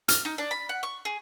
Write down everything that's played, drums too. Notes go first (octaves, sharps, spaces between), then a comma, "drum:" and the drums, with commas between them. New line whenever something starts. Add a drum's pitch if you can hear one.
F6, drum: hi-hat
D#4
D4
B5
F#5
C#6
G#4